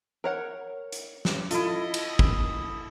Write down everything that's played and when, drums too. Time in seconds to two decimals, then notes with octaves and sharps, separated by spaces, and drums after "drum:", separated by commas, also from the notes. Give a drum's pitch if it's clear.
0.24 A#4 C#5 F#5
0.92 drum: hi-hat
1.25 drum: snare
1.51 E4 F4 A4 D#5, drum: hi-hat
1.94 drum: cymbal
2.19 drum: kick